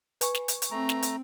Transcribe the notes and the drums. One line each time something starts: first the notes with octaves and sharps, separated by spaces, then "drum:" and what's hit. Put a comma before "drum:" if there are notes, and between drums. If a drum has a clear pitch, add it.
B4 G#5 C#6, drum: hi-hat
drum: snare
drum: hi-hat
drum: hi-hat
A3 C4 A#5
drum: snare
drum: hi-hat